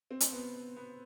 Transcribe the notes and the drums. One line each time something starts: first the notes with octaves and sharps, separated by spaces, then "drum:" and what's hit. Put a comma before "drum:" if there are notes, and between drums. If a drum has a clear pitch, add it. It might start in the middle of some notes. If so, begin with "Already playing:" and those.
C4
drum: hi-hat
B3
B3